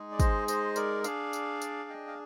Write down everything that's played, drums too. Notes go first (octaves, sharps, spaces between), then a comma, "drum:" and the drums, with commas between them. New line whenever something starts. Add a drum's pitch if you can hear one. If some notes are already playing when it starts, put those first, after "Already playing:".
Already playing: G#3 D#4 G#4
D5
C5 D#5, drum: kick, tambourine
C5 D#5, drum: tambourine
A#4 D5, drum: tambourine
D4 G#4 D5 F5, drum: tambourine
drum: tambourine
drum: tambourine
D#5 G5
F5